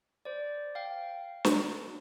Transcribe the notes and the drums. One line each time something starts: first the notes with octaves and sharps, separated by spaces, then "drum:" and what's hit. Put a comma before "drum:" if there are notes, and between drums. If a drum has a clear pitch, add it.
C5 D5
F5 G5
drum: snare